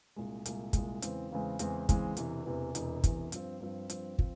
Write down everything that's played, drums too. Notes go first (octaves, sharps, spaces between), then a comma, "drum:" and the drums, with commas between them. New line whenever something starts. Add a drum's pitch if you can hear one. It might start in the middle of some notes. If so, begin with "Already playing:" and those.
C2 A#2 G#3
C2 A#2 G#3, drum: hi-hat
C2 A#2 G#3, drum: kick, hi-hat
E2 C#3 E3 G#3 C4, drum: hi-hat
E2 C#3 E3 G#3 C4
E2 C#3 E3 G#3 C4, drum: hi-hat
E2 C#3 E3 G#3 C4, drum: kick, hi-hat
E1 E2 C3 E3, drum: hi-hat
E1 E2 C3 E3
E1 E2 C3 E3, drum: hi-hat
E1 E2 C3 E3, drum: kick, hi-hat
G2 F3 C4, drum: hi-hat
G2 F3 C4
G2 F3 C4, drum: hi-hat
F3 C4, drum: kick